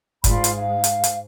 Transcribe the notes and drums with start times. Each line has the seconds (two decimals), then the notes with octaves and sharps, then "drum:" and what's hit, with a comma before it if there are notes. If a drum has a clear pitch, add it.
0.24 G#2 F4 D5 B5, drum: kick F#1, hi-hat
0.44 drum: hi-hat
0.57 F5
0.84 drum: hi-hat
1.04 drum: hi-hat